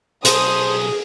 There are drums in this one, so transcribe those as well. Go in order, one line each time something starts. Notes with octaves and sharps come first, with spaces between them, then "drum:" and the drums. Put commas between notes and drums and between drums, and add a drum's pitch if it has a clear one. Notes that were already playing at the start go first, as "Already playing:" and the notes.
B1 G#4 A4 C5 D#6, drum: hi-hat